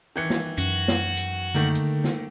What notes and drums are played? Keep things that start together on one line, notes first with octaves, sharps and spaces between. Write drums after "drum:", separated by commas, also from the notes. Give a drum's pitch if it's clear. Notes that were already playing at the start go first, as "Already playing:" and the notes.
D#3 E3 C#7
drum: snare
F#2 F#4, drum: hi-hat
drum: snare
drum: hi-hat
D3 D#3 A3 A#3
drum: hi-hat
drum: snare